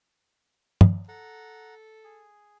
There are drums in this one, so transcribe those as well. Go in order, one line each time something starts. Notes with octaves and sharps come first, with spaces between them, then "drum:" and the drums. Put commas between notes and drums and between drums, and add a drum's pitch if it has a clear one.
drum: tom
A4 F#5 A#5
G#4